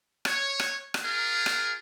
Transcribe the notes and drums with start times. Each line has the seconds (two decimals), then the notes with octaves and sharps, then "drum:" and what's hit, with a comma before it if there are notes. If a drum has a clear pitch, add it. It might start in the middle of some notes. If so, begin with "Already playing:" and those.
0.25 C#5, drum: rim click
0.60 drum: rim click
0.94 drum: rim click
1.03 F4 G#4 A#4
1.46 drum: rim click